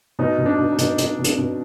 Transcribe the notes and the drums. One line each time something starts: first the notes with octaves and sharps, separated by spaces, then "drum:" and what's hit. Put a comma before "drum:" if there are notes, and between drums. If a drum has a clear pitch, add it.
B2 D#4
B2
D4
B2
D#4
B2, drum: hi-hat
B2 D#4, drum: hi-hat
B2
D4, drum: hi-hat
B2